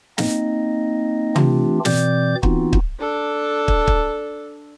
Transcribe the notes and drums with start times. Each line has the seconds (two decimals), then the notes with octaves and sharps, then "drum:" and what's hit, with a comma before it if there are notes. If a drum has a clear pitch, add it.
0.18 A#3 C4 D#4 D#5, drum: snare
1.36 E3 A3 C4 D4 F4 G4, drum: tom
1.85 B2 E3 C4 D5 D6 G6, drum: snare
2.43 E3 B3 C4 D#4 F4 F#4, drum: kick
2.73 drum: kick
3.00 D4 A4
3.68 drum: kick
3.87 drum: kick